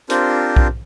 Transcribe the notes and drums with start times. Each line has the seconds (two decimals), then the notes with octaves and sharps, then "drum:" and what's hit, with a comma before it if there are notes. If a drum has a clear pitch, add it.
0.10 C4 D4 F4 G4 A#4 C5, drum: hi-hat
0.56 drum: kick B1